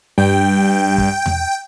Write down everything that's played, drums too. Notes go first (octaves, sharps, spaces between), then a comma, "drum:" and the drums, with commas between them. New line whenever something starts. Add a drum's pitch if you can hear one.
G2 G5
drum: kick
drum: tom E2